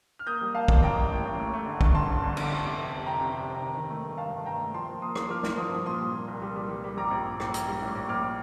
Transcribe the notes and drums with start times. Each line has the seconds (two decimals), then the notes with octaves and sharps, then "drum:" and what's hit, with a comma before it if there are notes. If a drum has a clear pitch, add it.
0.19 F6
0.27 A#3 D#6 G6
0.41 G3
0.55 A#3 F5 A5
0.68 A1, drum: kick
0.83 A1 G5 A#5
0.96 A1
1.11 A2
1.25 A1
1.39 A3
1.53 A3
1.66 D3
1.81 G2, drum: kick
1.95 G1 A5 C6
2.08 D3
2.22 D3
2.37 G1, drum: cymbal
2.51 F1
2.64 C3
2.78 F1
2.92 F1
3.07 F1 G5 A#5
3.20 C3
3.34 F1
3.49 F1
3.62 D#3
3.77 D#3
3.90 A3
4.04 G2
4.18 G2 F5 A5
4.33 G2
4.46 A3 G5 A#5
4.59 A3
4.74 F3 A5 C6
4.88 A#3
5.02 A#3 C6 D#6
5.16 A#3, drum: rim click
5.29 F3 D6 F6
5.43 G2, drum: snare
5.57 F3 C6 D#6
5.71 G2
5.86 A#2 C6 D#6
6.00 G3
6.14 A#3
6.28 C2
6.42 G3
6.56 G3
6.69 G3
6.84 G3
6.97 A#1 A#5 D6
7.11 A#1
7.25 A#1
7.40 A#1, drum: rim click
7.54 A#1, drum: hi-hat
7.68 G3
7.82 A2
7.95 A#1
8.09 A#1 D6 F6